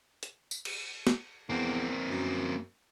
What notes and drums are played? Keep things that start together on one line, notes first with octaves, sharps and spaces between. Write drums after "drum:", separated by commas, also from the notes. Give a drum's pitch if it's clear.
drum: hi-hat
drum: tambourine
drum: cymbal
drum: snare
E2 A#3 C4
F#2